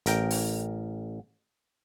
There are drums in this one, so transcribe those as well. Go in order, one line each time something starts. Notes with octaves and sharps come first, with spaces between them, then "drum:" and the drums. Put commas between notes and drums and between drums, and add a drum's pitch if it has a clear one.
A1 A#4 G5, drum: hi-hat
drum: open hi-hat